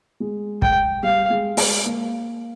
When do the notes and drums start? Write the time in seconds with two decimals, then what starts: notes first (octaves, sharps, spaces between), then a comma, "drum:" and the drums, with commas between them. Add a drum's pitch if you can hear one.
0.20 G#3
0.62 G5, drum: kick
1.03 G3 F5
1.30 G#3
1.57 G#3, drum: open hi-hat
1.85 A#3